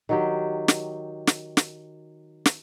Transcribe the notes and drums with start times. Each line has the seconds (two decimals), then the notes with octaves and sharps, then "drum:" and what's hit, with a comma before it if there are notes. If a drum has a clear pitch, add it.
0.09 D#3 F#3 G4
0.68 drum: snare
1.27 drum: snare
1.57 drum: snare
2.46 drum: snare